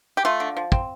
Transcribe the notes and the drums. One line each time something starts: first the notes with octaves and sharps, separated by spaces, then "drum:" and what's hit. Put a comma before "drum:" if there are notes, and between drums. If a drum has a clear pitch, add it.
G4
A3 F4
D3
F3
C4, drum: kick